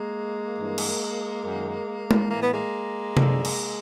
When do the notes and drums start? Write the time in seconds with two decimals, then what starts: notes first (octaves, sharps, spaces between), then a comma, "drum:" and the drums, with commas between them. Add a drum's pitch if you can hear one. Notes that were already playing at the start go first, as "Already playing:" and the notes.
Already playing: G#3 A#3
0.59 G2 E3
0.78 drum: cymbal
1.44 F#2 D#3
2.11 drum: tom G#3
2.30 A2 E3 A#3
2.43 B3
2.54 G#3 A#3
3.17 F#2 D3 F3, drum: tom C3
3.45 drum: cymbal